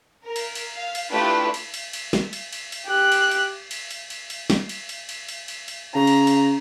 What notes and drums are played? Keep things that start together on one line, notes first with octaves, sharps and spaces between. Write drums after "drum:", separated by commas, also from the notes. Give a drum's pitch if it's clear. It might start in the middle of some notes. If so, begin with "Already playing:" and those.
A#4
drum: cymbal
drum: cymbal
F5
drum: cymbal
A3 D4 E4 F4 G4 B4
drum: cymbal
drum: cymbal
drum: cymbal
drum: snare
drum: cymbal
drum: cymbal
drum: cymbal
G4 F#6
drum: cymbal
drum: cymbal
drum: cymbal
drum: cymbal
drum: cymbal
drum: cymbal
drum: snare
drum: cymbal
drum: cymbal
drum: cymbal
drum: cymbal
drum: cymbal
drum: cymbal
C#3 A#5
drum: cymbal
drum: cymbal